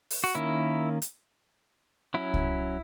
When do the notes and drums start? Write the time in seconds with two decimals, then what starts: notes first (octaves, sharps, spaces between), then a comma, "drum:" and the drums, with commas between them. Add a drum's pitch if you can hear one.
0.10 drum: open hi-hat
0.24 F#4
0.35 D#3 A#3 C#4 E4
1.02 drum: hi-hat
2.14 F#3 C#4 E4
2.34 drum: kick C2